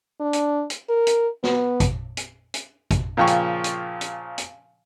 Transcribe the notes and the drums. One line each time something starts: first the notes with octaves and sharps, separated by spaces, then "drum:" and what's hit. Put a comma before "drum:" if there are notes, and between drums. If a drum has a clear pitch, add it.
D4
drum: hi-hat
drum: hi-hat
A#4
drum: hi-hat
B3, drum: snare
drum: kick, hi-hat
drum: hi-hat
drum: hi-hat
drum: kick, hi-hat
A#2 C#3 F3 G5 C#6
drum: hi-hat
drum: hi-hat
drum: hi-hat
drum: hi-hat